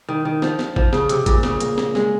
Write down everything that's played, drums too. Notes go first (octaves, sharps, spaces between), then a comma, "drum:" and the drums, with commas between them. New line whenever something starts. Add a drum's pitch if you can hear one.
D#3
D#3
F3, drum: snare
drum: snare
F3, drum: kick G#1
C#3, drum: snare
C3, drum: hi-hat
A#2, drum: kick G#1, hi-hat
C#3, drum: snare
A#3, drum: hi-hat
A#3, drum: snare
G#3, drum: snare